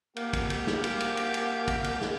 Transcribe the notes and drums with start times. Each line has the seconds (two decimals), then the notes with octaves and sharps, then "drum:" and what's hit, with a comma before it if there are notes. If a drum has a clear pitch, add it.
0.17 A#3 G4, drum: cymbal
0.33 drum: kick, cymbal
0.50 drum: cymbal
0.67 drum: snare
0.84 drum: cymbal
1.00 drum: cymbal
1.17 drum: cymbal
1.34 drum: cymbal
1.68 drum: kick, cymbal
1.84 drum: cymbal
2.01 drum: snare